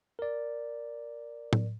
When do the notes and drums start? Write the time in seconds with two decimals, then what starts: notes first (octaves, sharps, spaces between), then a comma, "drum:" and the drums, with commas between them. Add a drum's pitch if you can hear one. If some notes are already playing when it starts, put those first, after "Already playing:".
0.19 A#4 D5
1.53 drum: tom A2